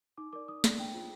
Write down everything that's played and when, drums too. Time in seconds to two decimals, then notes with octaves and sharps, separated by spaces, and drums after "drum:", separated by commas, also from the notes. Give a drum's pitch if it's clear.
0.17 D#4 D6
0.33 A#4 D5 D6
0.48 D#4 D#6
0.64 A#4 D5, drum: snare
0.78 D4 G5
0.94 F4 G#4 C5